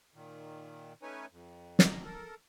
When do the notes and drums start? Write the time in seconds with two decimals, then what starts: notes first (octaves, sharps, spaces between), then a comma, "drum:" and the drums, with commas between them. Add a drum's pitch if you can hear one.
0.14 A#2 D#3
1.02 A3 C#4 D#4 B4 C#5 G#5
1.31 F2
1.79 drum: snare
1.90 D2 B2 A#5
2.04 A4 A#4